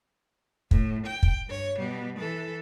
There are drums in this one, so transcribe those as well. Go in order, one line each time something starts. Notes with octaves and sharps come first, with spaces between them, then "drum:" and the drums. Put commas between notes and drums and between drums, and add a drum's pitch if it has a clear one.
A2, drum: kick
G5
drum: kick
G2 C#5
B2 G3
E3 A4